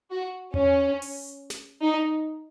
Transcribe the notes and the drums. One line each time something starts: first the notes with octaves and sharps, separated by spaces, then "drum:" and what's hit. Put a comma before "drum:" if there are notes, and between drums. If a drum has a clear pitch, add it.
F#4
C#4, drum: tom E2
drum: open hi-hat
drum: snare
D#4